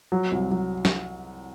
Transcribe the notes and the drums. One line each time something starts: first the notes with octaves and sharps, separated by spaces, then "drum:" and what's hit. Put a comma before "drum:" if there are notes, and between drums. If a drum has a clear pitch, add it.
F#3
C2
F#3
drum: snare